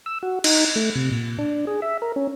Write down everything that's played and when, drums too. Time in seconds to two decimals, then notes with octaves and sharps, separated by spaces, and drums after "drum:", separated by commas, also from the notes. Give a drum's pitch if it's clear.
0.06 E6
0.23 F#4
0.44 D#4, drum: cymbal
0.76 A3
0.95 C3
1.11 A#2
1.39 D4
1.67 G#4
1.82 E5
2.02 A#4
2.16 C#4